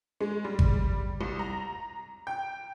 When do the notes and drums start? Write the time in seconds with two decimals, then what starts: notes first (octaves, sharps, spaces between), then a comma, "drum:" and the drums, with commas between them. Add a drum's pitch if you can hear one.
0.20 G#3
0.44 G3
0.59 drum: kick G#1
1.21 C2
1.39 A#5
2.27 G5